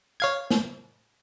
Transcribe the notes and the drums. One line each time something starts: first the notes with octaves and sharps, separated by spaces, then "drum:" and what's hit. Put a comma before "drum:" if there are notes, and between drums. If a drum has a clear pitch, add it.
C#5 F5 G#6
drum: snare